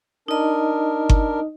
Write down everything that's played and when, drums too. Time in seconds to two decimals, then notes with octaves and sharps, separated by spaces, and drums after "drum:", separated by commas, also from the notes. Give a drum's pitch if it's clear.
0.28 D4 D#4 A#4 D#5
1.09 drum: kick G1